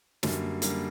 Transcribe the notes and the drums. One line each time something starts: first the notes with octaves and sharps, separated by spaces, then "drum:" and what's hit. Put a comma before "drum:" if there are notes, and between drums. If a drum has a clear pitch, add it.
F#2 D3 G3 A#3, drum: snare
F#2 D3 G3 A#3, drum: hi-hat